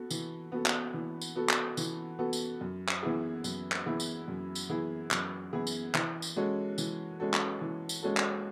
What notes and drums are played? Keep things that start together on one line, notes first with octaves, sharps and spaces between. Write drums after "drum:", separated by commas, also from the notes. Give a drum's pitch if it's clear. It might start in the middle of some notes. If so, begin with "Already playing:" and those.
Already playing: B3 F#4 A4
E3, drum: tambourine
B3 F#4 A4
drum: clap
E3
drum: tambourine
B3 F#4 A4
drum: clap
E3, drum: tambourine
B3 F#4 A4
drum: tambourine
F#2
drum: clap
E3 B3 E4 G#4
F#2, drum: tambourine
drum: clap
E3 B3 E4 G#4
drum: tambourine
F#2
drum: tambourine
E3 B3 E4 G#4
F#2, drum: clap
E3 B3 E4 G#4
drum: tambourine
E3, drum: clap
drum: tambourine
G#3 C#4 F#4 A4
E3, drum: tambourine
G#3 C#4 F#4 A4
drum: clap
E3
drum: tambourine
G#3 C#4 F#4 A4
drum: clap